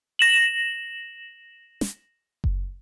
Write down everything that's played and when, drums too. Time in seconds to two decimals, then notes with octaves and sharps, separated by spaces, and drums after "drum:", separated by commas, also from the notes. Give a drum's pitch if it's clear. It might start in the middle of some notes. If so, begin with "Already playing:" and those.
0.19 A#6 E7 F#7
1.81 drum: snare
2.44 drum: kick F#1